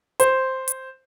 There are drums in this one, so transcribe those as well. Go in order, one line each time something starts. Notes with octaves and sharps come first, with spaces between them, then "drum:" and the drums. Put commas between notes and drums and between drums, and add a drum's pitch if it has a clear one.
C5, drum: hi-hat
drum: hi-hat